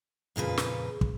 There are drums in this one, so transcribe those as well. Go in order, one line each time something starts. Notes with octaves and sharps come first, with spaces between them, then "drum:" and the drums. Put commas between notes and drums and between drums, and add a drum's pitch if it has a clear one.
F2 A#2 C#3 B4
drum: snare
drum: kick